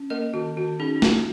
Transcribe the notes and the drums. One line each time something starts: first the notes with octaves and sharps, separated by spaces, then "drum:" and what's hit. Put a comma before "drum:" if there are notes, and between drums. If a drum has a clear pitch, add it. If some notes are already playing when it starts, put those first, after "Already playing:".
Already playing: C#4
A#3 A#4 D#5
D#3 F#4
D#3 F#4
C#4 D#4 G#4
D#4
A#3 F#4, drum: snare